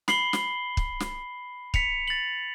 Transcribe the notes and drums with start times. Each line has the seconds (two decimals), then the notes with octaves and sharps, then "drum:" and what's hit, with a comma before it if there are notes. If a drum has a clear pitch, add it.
0.08 B5 C7 F#7 G7, drum: snare
0.33 drum: snare
0.77 drum: kick
1.00 drum: snare
1.74 B6 C#7 F7, drum: kick
2.08 A6 F#7